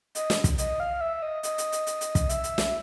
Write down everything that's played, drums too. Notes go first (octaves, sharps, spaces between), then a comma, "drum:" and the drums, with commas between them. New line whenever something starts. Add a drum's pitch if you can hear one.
D#5, drum: hi-hat
drum: snare
drum: kick, hi-hat
D#5, drum: hi-hat
F5
E5
D#5
D#5, drum: hi-hat
drum: hi-hat
drum: hi-hat
drum: hi-hat
drum: hi-hat
drum: kick, hi-hat
E5, drum: hi-hat
drum: hi-hat
drum: snare